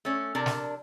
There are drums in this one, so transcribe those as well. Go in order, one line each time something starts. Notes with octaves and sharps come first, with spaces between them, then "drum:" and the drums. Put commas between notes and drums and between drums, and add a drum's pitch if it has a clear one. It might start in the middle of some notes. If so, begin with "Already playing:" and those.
A3 C#4
C3 D4 A#4 D5 A5
drum: snare